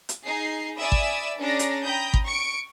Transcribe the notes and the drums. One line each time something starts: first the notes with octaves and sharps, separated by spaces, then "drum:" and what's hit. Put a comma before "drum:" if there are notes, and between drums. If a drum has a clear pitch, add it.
drum: hi-hat
D#4 G#4 C7
D5 E5 G#5 B5 D#6 E6
drum: kick G#1
C#4 D4 G#4 D5 A#5 A#6
drum: hi-hat
G5 A#5 B5 D#6 G6
drum: kick G#1
C#6 C#7 D7